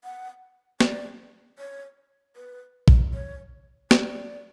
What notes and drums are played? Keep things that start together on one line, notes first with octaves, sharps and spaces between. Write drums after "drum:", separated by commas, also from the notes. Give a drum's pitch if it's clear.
F#5
D5, drum: snare
C#5
B4
drum: kick
C#5
D5, drum: snare